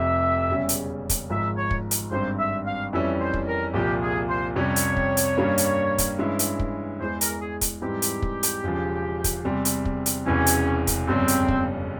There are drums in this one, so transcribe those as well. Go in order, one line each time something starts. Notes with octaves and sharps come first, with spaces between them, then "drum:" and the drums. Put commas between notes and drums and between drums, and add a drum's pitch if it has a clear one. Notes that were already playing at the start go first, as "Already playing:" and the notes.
Already playing: F1 F2 C3 E5
E1 E2 C#3 G3 C#4
drum: hi-hat
drum: kick, hi-hat
G#1 G#2 F3 E5
C#5
drum: kick
drum: hi-hat
G#1 G2 G3 C4 C5
E5
F5
F2 E3 G3 C#4 E5
C5
drum: kick
A#4
C2 A#2 F3 G4
G#4
C5
F2 C3 G3 C#4 C#5
drum: hi-hat
drum: kick
drum: hi-hat
G2 G3 A#3 C#4
drum: hi-hat
drum: kick, hi-hat
G2 E3 G#3 C#4 E4
drum: hi-hat
drum: kick
E2 E3 G#3 C5
A#4, drum: hi-hat
G#4
drum: kick, hi-hat
G#2 E3 G3 C4 G4
drum: hi-hat
drum: kick
drum: hi-hat
E1 E2 C#3 F3
drum: kick, hi-hat
E2 C3 G3 C4
drum: hi-hat
drum: kick
drum: hi-hat
E1 E2 C3 E3 C#4
drum: hi-hat
drum: kick, hi-hat
G1 F2 C#3 G3 C4 C#4
drum: hi-hat
drum: kick